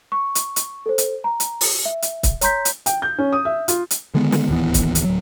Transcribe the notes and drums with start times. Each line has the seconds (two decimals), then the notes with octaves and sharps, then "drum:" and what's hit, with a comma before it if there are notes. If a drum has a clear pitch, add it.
0.12 C#6
0.35 drum: hi-hat
0.56 drum: hi-hat
0.86 A4 C5
0.98 drum: hi-hat
1.24 A#5
1.40 drum: hi-hat
1.61 drum: open hi-hat
1.85 E5
2.02 drum: hi-hat
2.23 drum: kick, hi-hat
2.41 C#5 A#5 C6 G6 B6, drum: hi-hat
2.65 drum: hi-hat
2.86 G5, drum: hi-hat
3.02 G6
3.18 C#4
3.33 D#6
3.45 E5
3.68 F4, drum: hi-hat
3.91 drum: hi-hat
4.14 D3 D#3 G#3 B3
4.32 drum: snare
4.49 D1 D#2 E3 B3
4.74 drum: kick, hi-hat
4.95 drum: hi-hat
5.04 D1 F#3